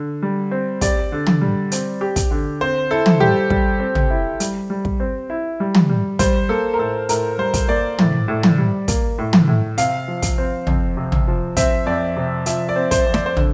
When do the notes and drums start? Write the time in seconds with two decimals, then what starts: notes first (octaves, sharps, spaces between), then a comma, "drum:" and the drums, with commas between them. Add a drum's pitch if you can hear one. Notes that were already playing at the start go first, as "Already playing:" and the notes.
Already playing: D3
0.23 G3
0.51 C4
0.81 G4 D5, drum: kick, hi-hat
1.12 D3
1.26 drum: tom
1.41 G3
1.72 C4, drum: hi-hat
2.01 G4
2.16 drum: kick, hi-hat
2.31 D3
2.61 C4 C5
2.91 E4 A4
3.06 drum: tom
3.20 G3 G4
3.50 G3, drum: kick
3.80 C4
3.95 drum: tom
4.10 E4
4.40 G3, drum: hi-hat
4.70 G3
4.85 drum: kick
5.00 C4
5.30 E4
5.60 G3
5.74 drum: tom
5.89 G3
6.19 G3 C5, drum: kick, hi-hat
6.49 A#3 A4
6.74 A#4
6.79 A2 A4
7.09 A2 A#4, drum: hi-hat
7.38 G3 C5
7.54 drum: kick, hi-hat
7.68 A#3 D5
7.99 A2, drum: tom
8.28 A2
8.43 drum: tom
8.58 G3
8.88 A#3, drum: kick, hi-hat
9.18 A2
9.33 drum: tom
9.48 A2
9.78 C3 F5, drum: hi-hat
10.08 F3
10.22 drum: kick, hi-hat
10.38 C4
10.67 F2, drum: tom
10.97 C3
11.12 drum: tom
11.28 F3
11.57 C4 E5, drum: kick, hi-hat
11.86 F2 D5
12.16 C3
12.46 F3 E5, drum: hi-hat
12.69 D5
12.76 C4
12.91 C5, drum: kick, hi-hat
13.06 F2
13.14 D5, drum: snare
13.26 C5
13.37 D3, drum: tom